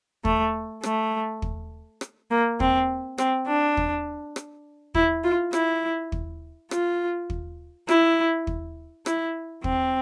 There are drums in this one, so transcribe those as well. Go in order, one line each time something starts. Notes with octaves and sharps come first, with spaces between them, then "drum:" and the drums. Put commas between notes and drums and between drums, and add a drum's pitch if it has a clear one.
A3, drum: kick
A3, drum: rim click
drum: kick
drum: rim click
A#3
C4, drum: kick
C4, drum: rim click
D4
drum: kick
drum: rim click
E4, drum: kick
F4
E4, drum: rim click
drum: kick
F4, drum: rim click
drum: kick
E4, drum: rim click
drum: kick
E4, drum: rim click
C4, drum: kick